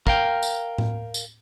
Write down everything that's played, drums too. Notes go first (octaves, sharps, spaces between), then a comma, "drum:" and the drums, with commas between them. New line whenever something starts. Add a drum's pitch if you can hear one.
A#4 F5 G5, drum: kick
drum: tambourine
drum: tom A2
drum: tambourine